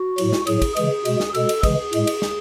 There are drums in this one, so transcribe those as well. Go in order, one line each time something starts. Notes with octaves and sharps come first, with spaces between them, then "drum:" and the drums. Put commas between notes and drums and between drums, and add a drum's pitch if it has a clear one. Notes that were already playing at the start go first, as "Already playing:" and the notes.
Already playing: F#4
A2 F#3, drum: cymbal
drum: snare
A2 F#3 G#4, drum: cymbal
drum: kick, cymbal
C#3 E3 G#3 G#4, drum: cymbal
B2 G#3, drum: cymbal
drum: snare
B2 G#3 A4, drum: cymbal
drum: cymbal
C#3 E3 G#3 G#4, drum: kick, cymbal
A2 G#3, drum: cymbal
drum: cymbal
drum: snare